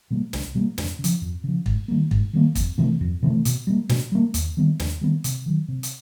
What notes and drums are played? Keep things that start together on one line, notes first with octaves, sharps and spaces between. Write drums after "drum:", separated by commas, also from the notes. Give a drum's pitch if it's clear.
B2 G3 A#3
C2, drum: snare
B2 G3 A#3
F2, drum: snare
C#3
F3, drum: hi-hat
F2
C#3 F3
G#2, drum: kick
D#3 G3 A#3
G#2, drum: kick
D#3 G3 A#3
F2, drum: kick, hi-hat
C3 E3 A3
F2
C3 E3 A3
B2, drum: hi-hat
G3 A#3
B2, drum: snare
G3 A#3
D#2, drum: hi-hat
D#3 G3 B3
D#2, drum: snare
D#3 G3 B3
C3, drum: hi-hat
D#3 F#3
C3
drum: hi-hat